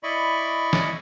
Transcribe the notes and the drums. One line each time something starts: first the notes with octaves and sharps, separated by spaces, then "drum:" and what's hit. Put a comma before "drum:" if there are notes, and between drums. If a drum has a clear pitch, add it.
E4 D5 D#5 B5 C#6
drum: snare